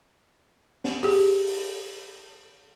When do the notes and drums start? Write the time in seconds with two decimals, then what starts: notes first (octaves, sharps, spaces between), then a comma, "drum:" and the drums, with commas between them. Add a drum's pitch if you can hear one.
0.84 drum: snare
1.03 G4 G#4, drum: open hi-hat
1.47 drum: open hi-hat